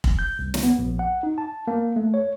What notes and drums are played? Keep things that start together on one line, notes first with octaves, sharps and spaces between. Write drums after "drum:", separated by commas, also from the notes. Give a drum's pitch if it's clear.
drum: kick
G6
C2
drum: snare
B3
A#1
F#5
D#4
A5
A#3
A3
C#5